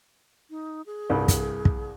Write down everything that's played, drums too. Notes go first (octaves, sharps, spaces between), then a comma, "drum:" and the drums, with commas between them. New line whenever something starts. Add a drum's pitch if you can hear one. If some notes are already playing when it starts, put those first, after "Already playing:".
D#4
G#4
C2 G2 G3
drum: kick, hi-hat
drum: kick